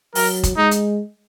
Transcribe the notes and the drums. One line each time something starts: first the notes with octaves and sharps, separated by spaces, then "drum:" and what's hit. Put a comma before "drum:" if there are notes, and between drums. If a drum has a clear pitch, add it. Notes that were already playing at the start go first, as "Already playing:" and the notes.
F#3 A#4, drum: open hi-hat
drum: kick, hi-hat
G#3 D#4
drum: hi-hat